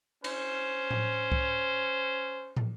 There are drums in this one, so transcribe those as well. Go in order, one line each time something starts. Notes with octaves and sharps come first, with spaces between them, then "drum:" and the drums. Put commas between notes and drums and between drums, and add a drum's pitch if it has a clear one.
C#4 C5, drum: cymbal
drum: tom A2
drum: kick C2
drum: tom